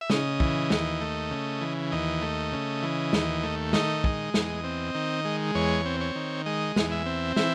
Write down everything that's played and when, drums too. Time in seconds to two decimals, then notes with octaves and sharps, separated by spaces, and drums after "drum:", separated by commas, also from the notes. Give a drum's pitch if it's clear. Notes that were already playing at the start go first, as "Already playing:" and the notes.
0.01 E5
0.10 C#3 D#5, drum: snare
0.40 E3, drum: kick
0.70 D#2, drum: snare
1.01 A3
1.31 C#3
1.61 E3
1.92 D#2 D#5
2.22 A3
2.52 C#3
2.83 E3
3.13 D#2, drum: snare
3.43 A3
3.73 D#3 D#5, drum: snare
4.04 G#3, drum: kick
4.34 E2, drum: snare
4.64 C4
4.95 D#3
5.25 G#3
5.55 E2 C#5
5.86 C4
6.01 C#5
6.16 D#3
6.46 G#3 D#5
6.76 E2, drum: snare
6.91 E5
7.06 C4
7.36 E3 E5, drum: snare